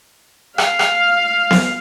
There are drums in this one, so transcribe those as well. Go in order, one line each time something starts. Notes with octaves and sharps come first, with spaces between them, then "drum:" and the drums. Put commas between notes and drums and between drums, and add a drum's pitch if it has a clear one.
F5, drum: rim click
drum: rim click
drum: snare B3